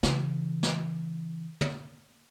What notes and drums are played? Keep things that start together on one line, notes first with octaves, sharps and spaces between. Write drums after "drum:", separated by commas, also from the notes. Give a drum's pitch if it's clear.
C#3 E3, drum: snare
drum: snare
drum: tom